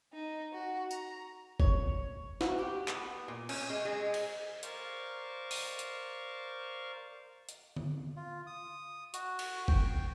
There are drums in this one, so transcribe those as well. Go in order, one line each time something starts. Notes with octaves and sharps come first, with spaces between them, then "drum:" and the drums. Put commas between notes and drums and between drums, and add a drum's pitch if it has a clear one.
D#4
F#4
A#5, drum: tambourine
C#5, drum: kick F#1
F#4, drum: snare
G4
B3, drum: clap
A#2
C#4, drum: cymbal
G#3
G#3
drum: cymbal
A#4 C5 D5 F5 C#6, drum: hi-hat
drum: open hi-hat
drum: hi-hat
drum: hi-hat
drum: tom D3
F4
D#6
F#4, drum: hi-hat
drum: cymbal
G5, drum: kick F#1